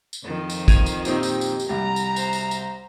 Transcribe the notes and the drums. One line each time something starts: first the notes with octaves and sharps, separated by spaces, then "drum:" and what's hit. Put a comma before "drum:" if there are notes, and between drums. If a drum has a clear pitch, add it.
drum: tambourine
F2 D#3 F3
drum: tambourine
G#6 D#7 F7, drum: kick, tambourine
drum: tambourine
A#2 C4 D#4 G4, drum: tambourine
drum: tambourine
drum: tambourine
drum: tambourine
C2 G3 A#5
drum: tambourine
C5, drum: tambourine
drum: tambourine
drum: tambourine